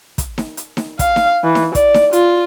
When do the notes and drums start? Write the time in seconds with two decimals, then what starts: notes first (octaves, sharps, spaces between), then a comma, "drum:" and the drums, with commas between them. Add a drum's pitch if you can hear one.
0.18 drum: kick, hi-hat
0.38 drum: snare D#4
0.57 drum: hi-hat
0.77 drum: snare D#4
0.99 F5, drum: kick, hi-hat
1.16 drum: snare D#4
1.44 E3
1.55 drum: snare D#4
1.75 D5, drum: kick, hi-hat
1.94 drum: snare D#4
2.13 F4, drum: hi-hat